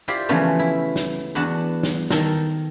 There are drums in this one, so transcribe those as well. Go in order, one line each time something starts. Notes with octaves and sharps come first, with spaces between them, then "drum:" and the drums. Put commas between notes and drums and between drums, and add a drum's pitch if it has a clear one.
E4 F4 G4 C5 D5
C#3 E3 F3 A3 B3 C#4
E4
drum: snare
E2 B3 D4 F#4 F#5 A5
drum: snare
D#3 A4 A#4, drum: snare